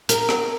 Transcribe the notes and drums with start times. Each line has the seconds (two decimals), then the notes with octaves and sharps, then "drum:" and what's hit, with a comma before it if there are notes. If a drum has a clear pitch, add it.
0.09 A#4, drum: hi-hat
0.29 drum: rim click